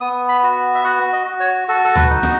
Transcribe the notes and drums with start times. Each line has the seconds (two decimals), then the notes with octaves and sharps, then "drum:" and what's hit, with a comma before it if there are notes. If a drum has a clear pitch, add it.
0.01 B3 D#6
0.29 B5
0.43 F#4
0.75 E5
0.84 F#4 F#5
1.13 D#5
1.27 F#4
1.40 C#5
1.68 F#4 A4
1.84 A4
1.95 B4, drum: tom D2
2.10 D#4
2.23 D#5, drum: snare